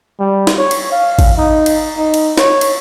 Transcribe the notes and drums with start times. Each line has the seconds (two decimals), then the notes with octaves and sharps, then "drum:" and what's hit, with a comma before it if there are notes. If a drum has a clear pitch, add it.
0.19 G3
0.47 drum: snare
0.58 C#5
0.71 drum: cymbal
0.92 F5
1.19 drum: kick G#1, cymbal
1.37 D#4
1.66 drum: cymbal
1.98 D#4
2.14 drum: cymbal
2.38 C#5, drum: snare
2.61 drum: cymbal